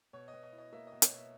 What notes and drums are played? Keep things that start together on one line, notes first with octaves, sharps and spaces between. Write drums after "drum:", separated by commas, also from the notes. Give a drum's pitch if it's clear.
B2 C#5
D#5
B2
D#5
E4
D#5
A#3 E5
D#5
B2
C#5, drum: hi-hat
B2 E5